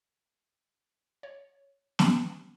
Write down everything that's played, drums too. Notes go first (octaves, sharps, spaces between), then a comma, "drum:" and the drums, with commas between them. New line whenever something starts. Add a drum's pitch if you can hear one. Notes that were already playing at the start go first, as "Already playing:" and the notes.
C#5
drum: snare